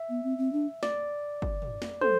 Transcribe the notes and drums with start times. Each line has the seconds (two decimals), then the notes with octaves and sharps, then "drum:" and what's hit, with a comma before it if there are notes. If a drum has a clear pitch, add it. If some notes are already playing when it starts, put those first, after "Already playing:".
Already playing: E5
0.09 B3
0.24 C4
0.38 C4
0.53 D4
0.83 D5, drum: snare
1.42 drum: kick
1.62 drum: tom
1.82 drum: snare
2.01 A4 C5, drum: tom